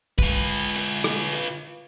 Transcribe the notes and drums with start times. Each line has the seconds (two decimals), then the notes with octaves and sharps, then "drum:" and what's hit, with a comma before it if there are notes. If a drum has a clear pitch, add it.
0.19 F4 B4, drum: kick, hi-hat
0.76 drum: hi-hat
1.04 drum: rim click
1.33 drum: hi-hat